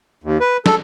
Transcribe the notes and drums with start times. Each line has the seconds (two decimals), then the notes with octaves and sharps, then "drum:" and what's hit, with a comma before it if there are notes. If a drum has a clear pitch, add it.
0.24 D#2
0.40 B4
0.66 A4, drum: snare